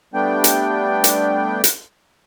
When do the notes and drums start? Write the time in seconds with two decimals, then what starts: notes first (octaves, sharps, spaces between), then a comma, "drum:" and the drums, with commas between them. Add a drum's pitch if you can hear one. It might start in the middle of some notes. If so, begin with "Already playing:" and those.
0.14 G3 A3 B3 D4 G5
0.44 drum: hi-hat
1.04 drum: hi-hat
1.64 drum: hi-hat